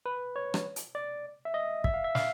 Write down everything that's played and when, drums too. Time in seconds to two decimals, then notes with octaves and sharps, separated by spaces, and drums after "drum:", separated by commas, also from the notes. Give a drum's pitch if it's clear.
0.06 B4
0.36 C#5
0.54 drum: rim click
0.76 drum: hi-hat
0.95 D5
1.45 E5
1.54 D#5
1.84 E5, drum: kick
1.94 F5
2.04 E5
2.15 F5, drum: snare